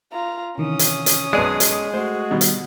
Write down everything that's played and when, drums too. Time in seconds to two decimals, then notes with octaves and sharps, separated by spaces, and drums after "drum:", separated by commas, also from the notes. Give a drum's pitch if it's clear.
0.12 F4 A#5
0.58 C3 D#3 E3 C#4 D#6
0.79 drum: hi-hat
1.06 drum: hi-hat
1.33 B1 G#3 B3 G#4 D5
1.60 drum: hi-hat
1.94 A3 F#4 C5
2.31 B2 D#3 G3
2.41 drum: hi-hat